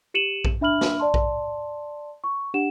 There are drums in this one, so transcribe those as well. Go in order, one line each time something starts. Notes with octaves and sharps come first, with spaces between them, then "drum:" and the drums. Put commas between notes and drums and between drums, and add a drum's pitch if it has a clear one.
G4 C#7 D#7 E7 F#7
drum: kick A#1
D4 E5 B5 F6 F#7
drum: snare
D5 A5 C6
drum: kick A#1
C#6
D4 G4 F#5 E7